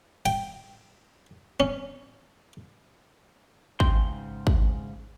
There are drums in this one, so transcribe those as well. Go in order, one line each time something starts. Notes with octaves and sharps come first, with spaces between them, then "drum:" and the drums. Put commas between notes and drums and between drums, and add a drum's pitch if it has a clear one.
G5, drum: cymbal
C#4
G#2 C#3 G5 C6, drum: kick
drum: kick